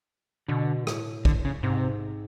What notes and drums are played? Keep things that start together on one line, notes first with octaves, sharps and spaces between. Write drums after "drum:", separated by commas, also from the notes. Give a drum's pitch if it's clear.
B2 D3
A#2
A2, drum: rim click
D3, drum: kick
C#3
G#2 C3